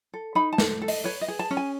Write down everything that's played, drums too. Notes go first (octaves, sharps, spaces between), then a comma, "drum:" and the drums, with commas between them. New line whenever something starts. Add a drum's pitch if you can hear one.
A4
D#4 B5
A5
A4, drum: snare A3
A4
D#5, drum: open hi-hat
B4 C#5
D#5
G#4
A5
C#4
G#5